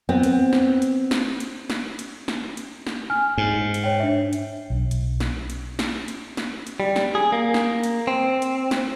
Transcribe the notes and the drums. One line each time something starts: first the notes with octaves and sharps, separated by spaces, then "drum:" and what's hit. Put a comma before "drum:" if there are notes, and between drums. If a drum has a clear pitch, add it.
B3 C4
drum: hi-hat
drum: snare
drum: hi-hat
drum: snare
drum: hi-hat
drum: snare
drum: hi-hat
drum: snare
drum: hi-hat
drum: snare
G#5 F6
G#2
drum: hi-hat
C#5 G5
D4 E5
drum: hi-hat
B1
drum: hi-hat
drum: snare
drum: hi-hat
drum: snare
drum: hi-hat
drum: snare
drum: hi-hat
G3
drum: snare
G#4
A#3
drum: snare
drum: hi-hat
C4
drum: hi-hat
drum: snare